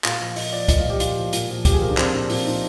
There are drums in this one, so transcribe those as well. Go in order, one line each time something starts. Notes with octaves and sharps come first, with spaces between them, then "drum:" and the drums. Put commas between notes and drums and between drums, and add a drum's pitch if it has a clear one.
A#2 F5, drum: clap
F3
A#2 D#5, drum: open hi-hat
F3 D5
A#2 D#5, drum: kick, hi-hat
F5
F3
G4
A#2 F4, drum: hi-hat
F3
A#2, drum: hi-hat
F3
A#2 G4, drum: kick, hi-hat
G#4
F3 A#4
D4
A#2 C4, drum: clap
F3 D4
A#2 C4, drum: open hi-hat
F3 D#4